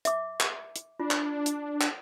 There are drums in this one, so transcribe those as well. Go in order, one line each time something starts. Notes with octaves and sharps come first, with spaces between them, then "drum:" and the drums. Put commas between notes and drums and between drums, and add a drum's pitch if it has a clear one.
E5 D6, drum: hi-hat
drum: clap
drum: hi-hat
D4 F4
drum: clap
drum: hi-hat
drum: clap